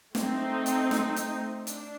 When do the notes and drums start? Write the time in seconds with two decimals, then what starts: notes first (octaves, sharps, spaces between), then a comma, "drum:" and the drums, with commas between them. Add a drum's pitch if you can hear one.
0.15 A3 C4 D#4, drum: snare
0.66 drum: hi-hat
0.91 drum: snare
1.16 drum: hi-hat
1.67 D4, drum: hi-hat